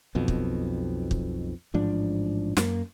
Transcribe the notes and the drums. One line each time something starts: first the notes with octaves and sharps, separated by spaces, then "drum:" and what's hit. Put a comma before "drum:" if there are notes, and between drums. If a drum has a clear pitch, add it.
B1 F2 B2
drum: kick
drum: kick
A1 G#2 F3 D4
F#2 A#3, drum: snare